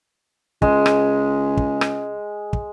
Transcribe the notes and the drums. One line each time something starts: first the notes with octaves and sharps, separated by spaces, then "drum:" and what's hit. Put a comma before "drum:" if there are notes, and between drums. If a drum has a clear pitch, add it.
C#2 G#3, drum: kick
drum: rim click
drum: kick
drum: rim click
drum: kick